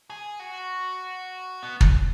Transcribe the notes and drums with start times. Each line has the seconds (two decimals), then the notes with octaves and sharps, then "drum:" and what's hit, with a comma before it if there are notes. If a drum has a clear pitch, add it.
0.10 G#4
0.40 F#4
1.63 B3
1.81 drum: kick